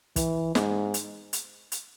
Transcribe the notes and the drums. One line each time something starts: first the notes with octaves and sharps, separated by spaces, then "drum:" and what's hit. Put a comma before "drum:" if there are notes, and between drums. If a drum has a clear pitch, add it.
E3, drum: kick, hi-hat
G#2, drum: snare
drum: hi-hat
drum: hi-hat
drum: hi-hat